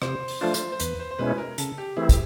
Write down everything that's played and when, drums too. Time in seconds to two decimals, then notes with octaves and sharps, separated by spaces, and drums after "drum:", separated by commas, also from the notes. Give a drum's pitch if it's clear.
0.02 C3 C5, drum: rim click
0.28 drum: open hi-hat
0.41 F3 A3 D4 F4 C5
0.54 drum: hi-hat
0.72 C5
0.80 E2 B4, drum: hi-hat
0.99 C5
1.11 C5
1.19 B2 G#3 C#4 E4 B4
1.38 A#4
1.58 C#3 A4, drum: hi-hat
1.78 G4
1.96 E3 A3 C4 E4 G#4
2.09 G4, drum: kick, hi-hat